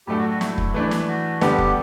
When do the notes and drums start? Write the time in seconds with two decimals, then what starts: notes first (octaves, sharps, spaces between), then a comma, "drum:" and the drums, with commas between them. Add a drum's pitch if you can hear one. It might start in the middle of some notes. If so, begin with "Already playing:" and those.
0.07 A2 F#3 A3 D4 G4 A4
0.18 F#4
0.30 F#4
0.41 E4, drum: snare
0.58 drum: kick
0.74 E3 A3 D4 E4
0.91 drum: snare
1.08 F#4
1.41 D3 G3 B3 D4 G4 A4, drum: snare
1.58 drum: kick